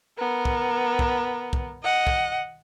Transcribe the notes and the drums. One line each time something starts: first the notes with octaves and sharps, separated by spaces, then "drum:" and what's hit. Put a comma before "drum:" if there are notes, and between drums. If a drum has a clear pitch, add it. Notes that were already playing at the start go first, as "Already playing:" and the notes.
B3 A#4
drum: kick
drum: kick
drum: kick
D#5 F#5
drum: kick